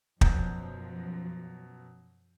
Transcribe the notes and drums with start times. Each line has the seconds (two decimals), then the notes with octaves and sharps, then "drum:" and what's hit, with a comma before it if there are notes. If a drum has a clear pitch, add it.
0.21 F#2 B2 F3 F#3 G6, drum: kick